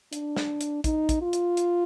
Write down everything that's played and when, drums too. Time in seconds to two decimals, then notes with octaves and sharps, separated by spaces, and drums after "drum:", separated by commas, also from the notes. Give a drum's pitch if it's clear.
0.13 D4, drum: hi-hat
0.36 drum: snare
0.61 drum: hi-hat
0.84 D#4, drum: kick, hi-hat
1.09 drum: kick, hi-hat
1.22 F4
1.33 drum: hi-hat
1.57 drum: hi-hat